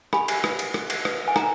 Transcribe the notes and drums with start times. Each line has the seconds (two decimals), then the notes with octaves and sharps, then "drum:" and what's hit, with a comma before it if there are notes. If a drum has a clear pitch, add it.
0.13 G4 G#5 B5, drum: rim click
0.28 drum: cymbal
0.44 B4, drum: rim click
0.59 drum: cymbal
0.74 G4, drum: rim click
0.90 drum: cymbal
1.05 B4, drum: rim click
1.28 G#5
1.36 D#4 G5 A#5, drum: rim click